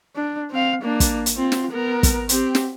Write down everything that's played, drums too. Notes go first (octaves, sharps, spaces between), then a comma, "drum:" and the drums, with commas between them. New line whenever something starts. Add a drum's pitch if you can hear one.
D4
C4 F5
A#3 D4
drum: kick, hi-hat
drum: hi-hat
C4 F4
drum: snare
B3 A#4
drum: kick, hi-hat
C4 G4, drum: hi-hat
drum: snare